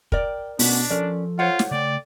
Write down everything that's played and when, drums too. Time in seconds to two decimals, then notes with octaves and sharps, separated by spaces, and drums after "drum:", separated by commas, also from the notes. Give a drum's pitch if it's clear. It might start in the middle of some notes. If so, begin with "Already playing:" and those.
0.12 A#4 D5 G5, drum: kick
0.59 B2 A3 C#4 D4 F#5, drum: open hi-hat
0.90 F3 C#4 A4 A#4 D5
1.39 F4 C5 C#5 F#5
1.59 drum: snare
1.71 C#3 A3 D5 G5